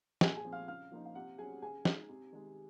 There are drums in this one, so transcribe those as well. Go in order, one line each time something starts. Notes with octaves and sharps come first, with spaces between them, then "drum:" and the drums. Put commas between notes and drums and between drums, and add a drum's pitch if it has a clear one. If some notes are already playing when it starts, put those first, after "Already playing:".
A#2 G#4 G#5, drum: snare
G#4 G#5
F3 C4
F5 F6
C#3 F5 F6
F3 A#3 D#4
F5
C3 F#5
F#3 C#4 G#4 G#5
C#3 G#4 G#5
G#3 D#4, drum: snare
C3
D#3 G#3